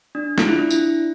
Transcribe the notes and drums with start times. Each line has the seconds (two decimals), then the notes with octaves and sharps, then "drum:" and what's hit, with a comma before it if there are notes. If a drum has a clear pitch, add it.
0.15 D4
0.38 F4, drum: snare
0.48 E4
0.59 D4
0.70 E4, drum: tambourine